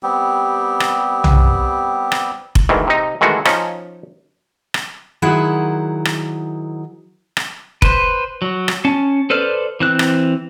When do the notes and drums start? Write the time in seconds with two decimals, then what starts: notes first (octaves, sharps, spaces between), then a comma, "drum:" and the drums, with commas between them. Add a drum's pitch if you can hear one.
0.03 G3 B3 C4 G4
0.80 drum: rim click
1.24 drum: tom
2.12 drum: rim click
2.55 drum: kick F1
2.69 D2 G#2 D#3 E3
2.87 C3 D#4
3.21 D#3 E3 G#3 A3 F#4
3.45 F3 C#4 D#4, drum: rim click
4.74 drum: rim click
5.22 D#3 F#3 E4 G#4 C5 F#5
6.05 drum: rim click
7.37 drum: rim click
7.82 B4 C5, drum: kick F1
8.42 F#3
8.68 drum: rim click
8.85 C#4 A5
9.30 A4 B4 C5 D5 F6
9.80 E3 C4 F#6
9.99 drum: rim click